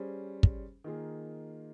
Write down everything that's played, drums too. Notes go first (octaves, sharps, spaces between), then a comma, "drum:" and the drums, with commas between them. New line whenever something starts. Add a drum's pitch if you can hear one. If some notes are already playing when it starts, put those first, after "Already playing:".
Already playing: G3 C#4 G#4 C5
drum: kick
D#3 A#3 F4 G#4